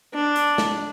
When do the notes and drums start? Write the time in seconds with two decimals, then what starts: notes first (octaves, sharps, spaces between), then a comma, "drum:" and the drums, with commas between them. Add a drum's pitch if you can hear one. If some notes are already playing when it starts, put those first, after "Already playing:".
0.13 D4
0.36 drum: hi-hat
0.58 drum: snare